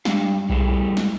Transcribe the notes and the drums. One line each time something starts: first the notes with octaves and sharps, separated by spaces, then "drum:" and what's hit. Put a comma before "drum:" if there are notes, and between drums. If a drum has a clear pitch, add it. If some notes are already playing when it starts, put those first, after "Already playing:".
G3 D4 F5, drum: snare
G3 A3 E4 G4 G#4 B4, drum: kick B1
drum: snare